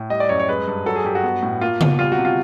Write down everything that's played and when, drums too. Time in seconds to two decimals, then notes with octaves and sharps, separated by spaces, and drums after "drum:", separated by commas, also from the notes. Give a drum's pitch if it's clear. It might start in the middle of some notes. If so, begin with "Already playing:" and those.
Already playing: A2
0.10 G3 D#5
0.20 D5
0.29 F#2 C#5
0.40 C#5
0.49 G#3 B4
0.68 G2
0.86 F#3 A4
0.96 G#4
1.04 G2 G4
1.15 F#4
1.23 B3
1.42 A2
1.61 A#3 F4
1.81 B2, drum: tom C#3
1.99 G3 F4
2.12 F#4
2.18 C3
2.25 F4